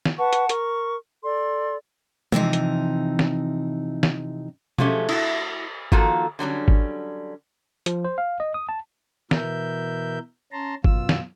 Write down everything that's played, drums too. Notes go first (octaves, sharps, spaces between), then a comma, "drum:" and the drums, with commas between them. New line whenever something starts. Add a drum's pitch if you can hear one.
drum: snare
B4 F#5 A5 C#6
drum: hi-hat
A#4 C#6, drum: hi-hat
A4 D5 C6
C3 E3 F3 D#4, drum: tom G#3
drum: hi-hat
drum: snare
drum: snare
F3 F#3 G#3 A3 C#4 G4, drum: tom B2
E4 F#4, drum: cymbal
D#3 F3 A#3 F4 F#4 A4, drum: kick G#1
D3 F#3 G3 C#4
drum: kick G#1
F3, drum: hi-hat
C5
F5
D#5
D#6
A5
B2 E3 A#4 E5 G6, drum: snare
C#4 A5 A#5 C6
F#2 B2 F4 E6, drum: kick G#1
drum: snare